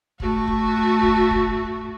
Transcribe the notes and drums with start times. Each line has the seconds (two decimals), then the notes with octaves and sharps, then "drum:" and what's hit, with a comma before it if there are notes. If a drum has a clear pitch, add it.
0.20 A3 F#4, drum: kick
0.48 drum: kick
1.03 drum: kick
1.30 drum: kick